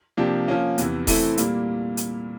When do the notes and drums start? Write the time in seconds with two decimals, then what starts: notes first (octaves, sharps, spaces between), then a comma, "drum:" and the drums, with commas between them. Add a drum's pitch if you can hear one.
0.17 C3 F3 A#3 D4 G4
0.48 F3 A#3 C#4
0.78 E2 C3 E3, drum: hi-hat
1.07 E3 A3 C4 E4 A4, drum: kick D#1, open hi-hat
1.37 A#2 G3 A#3, drum: hi-hat
1.97 drum: hi-hat